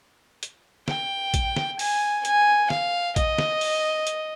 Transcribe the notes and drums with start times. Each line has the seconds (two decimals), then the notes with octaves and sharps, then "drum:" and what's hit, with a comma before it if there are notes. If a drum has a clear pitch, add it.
0.43 drum: hi-hat
0.88 G5, drum: snare
1.34 drum: kick, hi-hat
1.56 drum: snare
1.79 G#5, drum: open hi-hat
2.25 G#5, drum: hi-hat
2.70 F5, drum: snare
3.16 D#5, drum: kick, hi-hat
3.38 drum: snare
3.61 drum: open hi-hat
4.07 drum: hi-hat